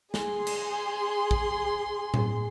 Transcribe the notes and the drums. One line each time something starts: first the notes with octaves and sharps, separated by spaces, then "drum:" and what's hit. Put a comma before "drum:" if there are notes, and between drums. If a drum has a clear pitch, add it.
G#4 C6, drum: snare
drum: cymbal
drum: kick A#1
drum: tom A2